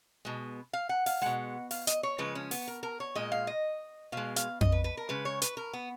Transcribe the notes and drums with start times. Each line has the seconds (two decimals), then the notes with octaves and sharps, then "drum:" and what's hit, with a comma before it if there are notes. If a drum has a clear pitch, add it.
0.25 B2 G#3
0.73 F5
0.89 F#5
1.06 F5, drum: open hi-hat
1.22 B2 G#3 F#5
1.71 F5, drum: open hi-hat
1.87 D#5, drum: hi-hat
2.03 C#5
2.18 C#3 F3 G#3 B4
2.35 C#4
2.51 B3, drum: open hi-hat
2.68 A#4
2.83 A#4
3.00 C#5
3.15 A#2 G#3 D#5
3.32 F5
3.47 D#5
4.12 B2 G#3 F5
4.36 F5, drum: hi-hat
4.61 D#5, drum: tom F2
4.72 B4
4.84 B4
4.97 A#4
5.09 C#3 G#3 B4
5.25 C#5
5.42 B4, drum: hi-hat
5.57 A#4
5.73 B3